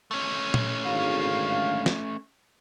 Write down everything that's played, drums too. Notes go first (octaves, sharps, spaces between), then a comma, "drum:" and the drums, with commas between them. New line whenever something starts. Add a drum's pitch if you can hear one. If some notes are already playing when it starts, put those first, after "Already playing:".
A3 C#4
drum: tom A#2
G#1 D3 F5
drum: snare